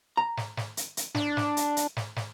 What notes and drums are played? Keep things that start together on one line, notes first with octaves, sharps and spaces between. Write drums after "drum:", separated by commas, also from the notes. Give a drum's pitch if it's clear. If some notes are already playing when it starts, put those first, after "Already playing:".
A#5
drum: snare
drum: snare
drum: hi-hat
drum: hi-hat
D4, drum: snare
drum: snare
drum: hi-hat
drum: hi-hat
drum: snare
drum: snare